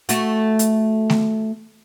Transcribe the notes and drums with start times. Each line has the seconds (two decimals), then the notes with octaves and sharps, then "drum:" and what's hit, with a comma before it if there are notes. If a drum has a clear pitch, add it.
0.09 A3 F#4, drum: hi-hat
0.59 drum: hi-hat
1.10 drum: snare A3